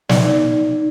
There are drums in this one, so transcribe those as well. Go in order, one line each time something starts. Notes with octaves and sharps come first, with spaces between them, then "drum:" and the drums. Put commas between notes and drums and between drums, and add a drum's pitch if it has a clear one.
D#4 D5, drum: snare